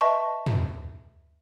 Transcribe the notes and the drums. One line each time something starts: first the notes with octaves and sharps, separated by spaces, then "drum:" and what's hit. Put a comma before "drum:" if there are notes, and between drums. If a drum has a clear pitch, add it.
B4 D#5 E5 A5 C6 C#6
drum: tom